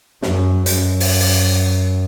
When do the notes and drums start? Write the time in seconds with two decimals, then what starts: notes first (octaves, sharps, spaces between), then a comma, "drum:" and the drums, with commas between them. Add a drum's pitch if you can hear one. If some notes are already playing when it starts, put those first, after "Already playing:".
0.22 F#2, drum: snare
0.66 F#2, drum: hi-hat
1.00 drum: open hi-hat
1.20 drum: open hi-hat